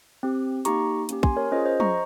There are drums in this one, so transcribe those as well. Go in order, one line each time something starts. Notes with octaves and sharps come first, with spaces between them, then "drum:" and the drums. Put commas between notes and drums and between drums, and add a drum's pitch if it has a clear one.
C4 G4
A#3 D#4 G4 A#5 C#6, drum: hi-hat
A#3 C#4 G4, drum: hi-hat
G#5 C6, drum: kick
A#4 C#5
C#4 F4 G#4 C5 D#5
C5 D#5
A#5 C#6, drum: tom